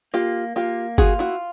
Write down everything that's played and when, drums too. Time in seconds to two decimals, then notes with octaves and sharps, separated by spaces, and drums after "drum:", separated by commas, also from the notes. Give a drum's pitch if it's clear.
0.14 A#3 F4 G4
0.56 A#3 F4 G4
0.98 F4 F#4 G#4, drum: kick G1
1.19 E4 F#4